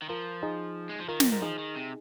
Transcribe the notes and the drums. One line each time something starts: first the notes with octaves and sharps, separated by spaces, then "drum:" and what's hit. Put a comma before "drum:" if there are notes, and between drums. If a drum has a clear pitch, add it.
D#3
F3 F4 A#4
D#4 G#4
G#3
F3
D#3 F4 A#4
F2, drum: snare
G#2 A#4
F3 D#4 G#4
D#3
C3